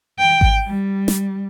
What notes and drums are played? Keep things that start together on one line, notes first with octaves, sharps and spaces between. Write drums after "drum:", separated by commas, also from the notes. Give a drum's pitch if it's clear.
G5
drum: kick G#1
G3
drum: snare